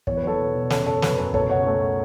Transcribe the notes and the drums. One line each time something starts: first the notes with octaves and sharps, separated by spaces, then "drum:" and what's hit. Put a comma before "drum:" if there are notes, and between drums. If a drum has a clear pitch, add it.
E2 C#5, drum: kick
B4
F#3 A4 C#5
B2
E1
C#3 A4 C#5, drum: snare
F#2 A4 C#5
F#3 B4, drum: snare
F#2 B4
B2 A4 C#5, drum: kick
C#2 C#5 F#5
A3